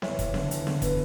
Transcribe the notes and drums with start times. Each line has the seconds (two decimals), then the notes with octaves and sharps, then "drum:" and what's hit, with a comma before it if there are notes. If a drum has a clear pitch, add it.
0.02 E2 C#5 E5, drum: snare B3
0.19 E2, drum: kick, hi-hat
0.34 D3, drum: snare B3
0.51 E2, drum: hi-hat
0.67 D3, drum: snare B3
0.82 B3, drum: kick, hi-hat